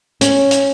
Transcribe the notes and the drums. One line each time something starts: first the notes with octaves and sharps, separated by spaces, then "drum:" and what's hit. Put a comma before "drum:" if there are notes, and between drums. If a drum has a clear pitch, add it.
C#4, drum: hi-hat
drum: hi-hat